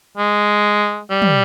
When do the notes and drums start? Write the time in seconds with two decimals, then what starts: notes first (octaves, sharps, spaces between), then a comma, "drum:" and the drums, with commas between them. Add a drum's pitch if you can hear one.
0.17 G#3
1.10 G3
1.22 drum: tom